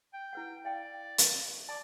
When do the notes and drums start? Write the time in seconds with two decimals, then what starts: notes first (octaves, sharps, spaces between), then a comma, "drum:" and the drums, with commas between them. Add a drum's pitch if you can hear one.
0.13 G5
0.33 E4 B4 F#5
0.65 D5 F5 G5
1.18 drum: hi-hat
1.69 D5 A5 D6